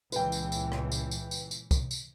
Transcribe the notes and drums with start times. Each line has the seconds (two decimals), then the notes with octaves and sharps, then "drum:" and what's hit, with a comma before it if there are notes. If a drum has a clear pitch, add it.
0.12 C#2 A#2 E3 B4 G5, drum: tambourine
0.32 drum: tambourine
0.52 drum: tambourine
0.72 drum: rim click
0.92 drum: tambourine
1.11 drum: tambourine
1.31 drum: tambourine
1.51 drum: tambourine
1.71 drum: kick, tambourine
1.91 drum: tambourine